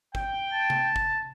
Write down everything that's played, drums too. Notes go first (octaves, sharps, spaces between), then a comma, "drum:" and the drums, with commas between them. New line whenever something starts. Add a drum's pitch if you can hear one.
G5, drum: kick
A5
drum: tom C3
drum: kick